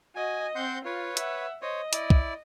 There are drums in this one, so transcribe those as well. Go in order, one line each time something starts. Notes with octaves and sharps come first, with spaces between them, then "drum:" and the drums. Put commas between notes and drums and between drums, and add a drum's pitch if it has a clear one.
F#4 D#5 G#5
C4 F#5 C6 G6
F4 B4 C#5
E5 F#5, drum: hi-hat
C5 C#5 D#5
E4 D5, drum: hi-hat
drum: kick